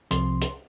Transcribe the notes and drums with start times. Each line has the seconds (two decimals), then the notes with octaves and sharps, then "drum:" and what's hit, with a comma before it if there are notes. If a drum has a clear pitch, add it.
0.11 C2 C3 F3 C4 C6, drum: hi-hat
0.41 drum: hi-hat